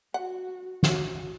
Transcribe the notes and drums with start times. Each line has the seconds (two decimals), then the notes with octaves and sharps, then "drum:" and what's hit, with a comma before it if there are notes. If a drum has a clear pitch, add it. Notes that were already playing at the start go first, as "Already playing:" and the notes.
0.14 F#4 F#5
0.83 F#4, drum: snare